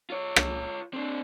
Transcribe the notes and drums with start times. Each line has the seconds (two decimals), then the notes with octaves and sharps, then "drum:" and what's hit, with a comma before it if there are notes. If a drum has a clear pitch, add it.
0.10 F4 C#5
0.36 drum: rim click
0.94 C4 D4